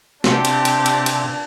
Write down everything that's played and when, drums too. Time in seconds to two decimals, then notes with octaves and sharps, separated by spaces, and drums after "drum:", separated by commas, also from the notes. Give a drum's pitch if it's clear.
0.24 C3 C4 D4 G4, drum: snare
0.45 drum: cymbal
0.65 drum: cymbal
0.86 drum: cymbal
1.06 drum: cymbal